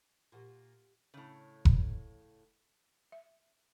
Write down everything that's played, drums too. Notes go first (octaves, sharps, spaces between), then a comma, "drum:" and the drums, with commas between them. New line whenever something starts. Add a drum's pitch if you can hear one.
A#2 G4 F#5 C6
A2 C#3
drum: kick F1
E5